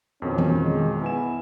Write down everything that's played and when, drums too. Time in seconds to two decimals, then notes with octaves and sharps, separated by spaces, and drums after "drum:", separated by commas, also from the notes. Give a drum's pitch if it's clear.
0.22 F2 B2 D#3 C#4
0.38 drum: tom D#3
0.61 G#3
1.02 B3 E4 G#5 E7